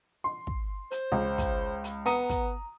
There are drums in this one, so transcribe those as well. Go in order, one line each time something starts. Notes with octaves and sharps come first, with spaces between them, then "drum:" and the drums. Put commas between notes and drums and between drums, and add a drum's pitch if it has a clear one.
C6
drum: kick
C5, drum: hi-hat
C#2
drum: kick, hi-hat
drum: hi-hat
B3 A#5 D#6 D#7
drum: kick, hi-hat